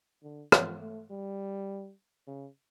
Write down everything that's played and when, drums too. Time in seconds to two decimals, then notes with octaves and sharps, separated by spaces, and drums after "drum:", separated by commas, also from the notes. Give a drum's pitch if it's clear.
0.24 D3
0.52 F3, drum: rim click
0.81 A3
1.10 G3
2.27 C#3